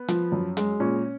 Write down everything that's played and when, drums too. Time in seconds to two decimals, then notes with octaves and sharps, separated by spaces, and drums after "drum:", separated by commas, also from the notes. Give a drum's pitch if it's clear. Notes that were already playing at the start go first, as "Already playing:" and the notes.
Already playing: B3
0.08 F3, drum: hi-hat
0.32 F#2
0.57 G#3, drum: hi-hat
0.80 A#2 C#4